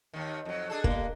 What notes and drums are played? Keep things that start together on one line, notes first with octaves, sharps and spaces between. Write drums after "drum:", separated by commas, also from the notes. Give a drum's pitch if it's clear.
D#2 D#3
F2 F#3
D4 G#4 A4
G3 A#3, drum: kick